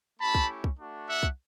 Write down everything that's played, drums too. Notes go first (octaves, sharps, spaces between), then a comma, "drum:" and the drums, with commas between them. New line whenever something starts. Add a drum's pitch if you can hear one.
A3 C#4 E4 G4 A5 B5
drum: kick
drum: kick
A3 D4 F#4
E5 F#5
drum: kick